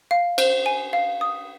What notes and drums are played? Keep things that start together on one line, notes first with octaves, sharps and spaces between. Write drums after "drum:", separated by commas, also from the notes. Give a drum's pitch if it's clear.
F5
C5, drum: cymbal
G#5
F5
D#6